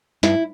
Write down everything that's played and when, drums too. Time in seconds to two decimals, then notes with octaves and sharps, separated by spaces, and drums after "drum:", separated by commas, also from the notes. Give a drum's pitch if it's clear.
0.23 G2 E4, drum: snare